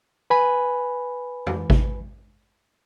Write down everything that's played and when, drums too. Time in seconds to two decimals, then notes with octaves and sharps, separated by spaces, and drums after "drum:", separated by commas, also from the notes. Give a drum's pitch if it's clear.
0.30 B4 G#5 B5
1.47 drum: tom F2
1.70 drum: kick G#1